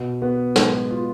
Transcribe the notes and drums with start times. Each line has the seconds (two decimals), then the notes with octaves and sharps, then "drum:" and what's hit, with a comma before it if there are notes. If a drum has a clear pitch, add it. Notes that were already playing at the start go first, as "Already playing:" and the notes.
Already playing: B2
0.22 B3
0.56 G#3, drum: snare
0.90 F4